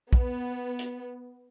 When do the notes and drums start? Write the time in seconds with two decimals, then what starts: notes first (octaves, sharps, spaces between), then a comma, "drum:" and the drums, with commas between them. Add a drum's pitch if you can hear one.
0.13 B3, drum: kick
0.79 drum: hi-hat